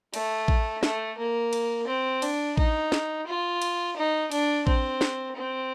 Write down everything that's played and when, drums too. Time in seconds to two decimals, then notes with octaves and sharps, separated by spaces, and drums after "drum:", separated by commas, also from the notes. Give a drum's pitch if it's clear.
0.14 A3, drum: cymbal
0.48 drum: kick A1
0.83 A3, drum: snare
1.18 A#3
1.53 drum: cymbal
1.87 C4
2.22 D4, drum: cymbal
2.57 D#4, drum: kick A1
2.92 drum: snare
3.27 F4
3.62 drum: cymbal
3.96 D#4
4.32 D4, drum: cymbal
4.67 C4, drum: kick A1
5.01 drum: snare
5.36 C4